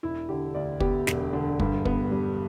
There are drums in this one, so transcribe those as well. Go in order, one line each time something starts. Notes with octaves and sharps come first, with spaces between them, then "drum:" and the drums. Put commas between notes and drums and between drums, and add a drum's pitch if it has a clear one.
E1 E4
D3 G4
D2 D5
B3 G4, drum: kick
E1, drum: snare
D3
G2, drum: kick
B3, drum: kick
G3